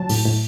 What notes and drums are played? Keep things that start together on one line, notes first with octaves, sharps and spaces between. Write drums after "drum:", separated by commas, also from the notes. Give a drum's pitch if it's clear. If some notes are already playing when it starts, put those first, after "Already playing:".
Already playing: F#3 A5
A2, drum: open hi-hat
A2